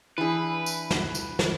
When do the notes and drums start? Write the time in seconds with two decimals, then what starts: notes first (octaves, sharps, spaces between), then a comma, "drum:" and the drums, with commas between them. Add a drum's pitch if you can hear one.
0.18 E3 D4 E4 G#4 B4
0.66 drum: tambourine
0.91 drum: snare
1.15 drum: tambourine
1.39 drum: snare